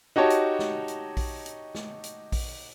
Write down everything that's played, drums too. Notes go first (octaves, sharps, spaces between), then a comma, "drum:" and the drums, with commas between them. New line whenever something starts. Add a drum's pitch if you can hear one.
D#4 F#4 G4 C#5 A5
drum: hi-hat
drum: snare
drum: hi-hat
drum: kick A#1, open hi-hat
drum: hi-hat
drum: snare
drum: hi-hat
drum: kick A#1, open hi-hat